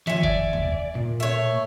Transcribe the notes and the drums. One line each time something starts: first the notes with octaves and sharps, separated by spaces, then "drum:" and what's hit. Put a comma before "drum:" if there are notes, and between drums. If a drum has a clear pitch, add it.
D#3 F3 C#5 E5 G#5
D5, drum: kick
drum: tom D#2
A#2
A3 C#5